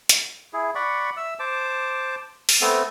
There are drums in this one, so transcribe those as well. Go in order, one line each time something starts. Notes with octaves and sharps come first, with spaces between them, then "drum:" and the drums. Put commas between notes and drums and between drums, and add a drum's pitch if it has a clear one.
drum: hi-hat
E4 G#4
D5 F#5 B5 C#6
E5 E6
C5 A5 D6
drum: open hi-hat
A3 B3 C4 A4